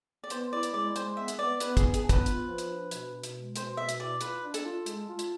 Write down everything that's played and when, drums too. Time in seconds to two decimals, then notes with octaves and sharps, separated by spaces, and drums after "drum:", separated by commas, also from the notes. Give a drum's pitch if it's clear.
0.24 D5
0.30 B3 C5, drum: hi-hat
0.52 E4 D5
0.63 drum: hi-hat
0.73 G#3 D5
0.96 G#3 C5, drum: hi-hat
1.17 B3 E5
1.28 drum: hi-hat
1.39 B3 D5
1.60 B3 B4, drum: hi-hat
1.77 G#4, drum: kick, hi-hat
1.83 D4
1.94 G#4, drum: hi-hat
2.04 B3
2.09 B4, drum: kick, hi-hat
2.26 F4, drum: hi-hat
2.47 F3
2.58 drum: hi-hat
2.69 D4
2.91 B2, drum: hi-hat
3.13 B2
3.24 drum: hi-hat
3.35 G#3
3.56 B2 C5, drum: hi-hat
3.77 B2 E5
3.89 drum: hi-hat
3.99 E4 D5
4.21 F4 B4, drum: hi-hat
4.43 D4
4.54 A4, drum: hi-hat
4.65 F4
4.86 G#3, drum: hi-hat
5.08 F4
5.19 drum: hi-hat